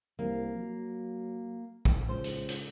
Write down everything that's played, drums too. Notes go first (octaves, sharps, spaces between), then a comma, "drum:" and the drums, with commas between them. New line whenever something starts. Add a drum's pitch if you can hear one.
C2 A#3
F#3
drum: kick A#1
C#2 C5
drum: hi-hat
drum: hi-hat